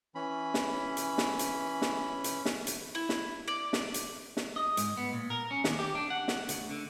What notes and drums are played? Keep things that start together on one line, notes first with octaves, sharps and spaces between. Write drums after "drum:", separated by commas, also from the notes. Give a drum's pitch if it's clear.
E3 C#4 B5
drum: snare
drum: hi-hat
drum: snare
drum: hi-hat
drum: snare
drum: hi-hat
drum: snare
drum: hi-hat
E4
drum: snare
D5
drum: snare
drum: hi-hat
drum: snare
D#5
G#2, drum: hi-hat
B3
A#2
A#4
C#4
D#2, drum: snare
G4
D4
F#5
drum: snare
D2, drum: hi-hat
D3